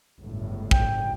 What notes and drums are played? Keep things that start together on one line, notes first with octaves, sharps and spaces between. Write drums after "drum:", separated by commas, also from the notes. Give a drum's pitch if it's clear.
G1 C#2 A2
G5, drum: kick